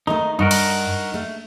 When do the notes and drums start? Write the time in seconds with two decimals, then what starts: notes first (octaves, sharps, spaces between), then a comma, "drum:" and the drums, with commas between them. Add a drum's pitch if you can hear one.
0.07 D#3 A3 D#4
0.39 G2 D#4 F#4 A#4
0.51 drum: cymbal
1.14 A3